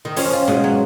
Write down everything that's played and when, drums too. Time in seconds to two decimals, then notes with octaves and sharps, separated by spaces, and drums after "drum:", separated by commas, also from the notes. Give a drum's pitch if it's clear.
0.05 D#3
0.16 F2 F3 C#4, drum: open hi-hat
0.33 F4
0.48 G#2 B2 G#3, drum: snare
0.64 F#3